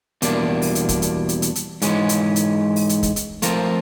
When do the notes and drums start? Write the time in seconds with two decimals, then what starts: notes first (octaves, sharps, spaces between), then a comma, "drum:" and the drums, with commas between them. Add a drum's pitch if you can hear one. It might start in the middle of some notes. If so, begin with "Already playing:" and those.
0.22 E2 B2 G3 A#3 D4, drum: hi-hat
0.62 drum: open hi-hat
0.75 drum: hi-hat
0.89 drum: kick, hi-hat
1.02 drum: hi-hat
1.29 drum: hi-hat
1.42 drum: hi-hat
1.55 drum: hi-hat
1.82 G#2 E3 G#3 C#4, drum: hi-hat
2.09 drum: hi-hat
2.36 drum: hi-hat
2.76 drum: open hi-hat
2.89 drum: hi-hat
3.03 drum: kick, hi-hat
3.16 drum: hi-hat
3.42 F3 A3 C4 F4 A#4, drum: hi-hat